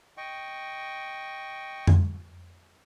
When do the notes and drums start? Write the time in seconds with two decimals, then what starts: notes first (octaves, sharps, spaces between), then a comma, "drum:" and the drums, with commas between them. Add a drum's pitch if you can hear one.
0.17 D#5 G5 C#6
1.87 drum: tom F2